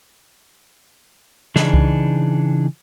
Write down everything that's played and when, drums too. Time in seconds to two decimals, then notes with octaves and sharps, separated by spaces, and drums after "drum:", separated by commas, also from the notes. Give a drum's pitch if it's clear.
1.56 C#3 E3 D4 D#4 G#4, drum: snare
1.74 drum: kick C2